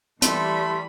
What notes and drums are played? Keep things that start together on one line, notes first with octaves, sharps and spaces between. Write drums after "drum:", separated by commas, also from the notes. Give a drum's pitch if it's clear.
E3 G3 A3 B5 C6, drum: hi-hat